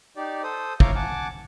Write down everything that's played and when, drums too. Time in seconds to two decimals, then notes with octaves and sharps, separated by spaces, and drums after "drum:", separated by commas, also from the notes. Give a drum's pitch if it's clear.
0.17 D#4 G4 D5
0.43 A4 C5 D#6
0.80 F4 C#5 E5 F5 A#5 D6, drum: kick
0.96 F#5 G#5 A5 D6